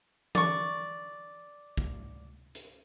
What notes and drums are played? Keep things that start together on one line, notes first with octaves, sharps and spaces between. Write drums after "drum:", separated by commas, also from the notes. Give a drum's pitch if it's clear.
D5 C#6, drum: tom E3
drum: kick
drum: hi-hat